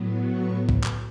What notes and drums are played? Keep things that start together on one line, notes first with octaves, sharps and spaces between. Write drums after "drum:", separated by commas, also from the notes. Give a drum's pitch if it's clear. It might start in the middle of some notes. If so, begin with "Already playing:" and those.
Already playing: A2 F#3 B3
C#6
drum: kick
drum: clap